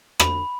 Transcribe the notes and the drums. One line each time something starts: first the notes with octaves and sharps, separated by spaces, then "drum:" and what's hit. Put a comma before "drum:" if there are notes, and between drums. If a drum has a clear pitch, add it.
B5, drum: rim click